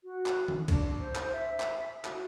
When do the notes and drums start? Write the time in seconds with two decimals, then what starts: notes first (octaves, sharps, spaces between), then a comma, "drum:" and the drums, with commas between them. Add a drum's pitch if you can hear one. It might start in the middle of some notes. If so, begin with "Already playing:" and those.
0.04 F#4
0.26 drum: clap
0.48 drum: tom D#3
0.68 D4, drum: kick C2, cymbal
1.00 C5
1.15 drum: clap
1.32 E5
1.60 drum: clap
2.05 F#4, drum: clap